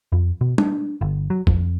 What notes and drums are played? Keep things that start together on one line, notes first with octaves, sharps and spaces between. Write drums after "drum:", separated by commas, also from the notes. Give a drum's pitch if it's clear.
F2
B2
D4, drum: tom
G1
F#3
F2, drum: kick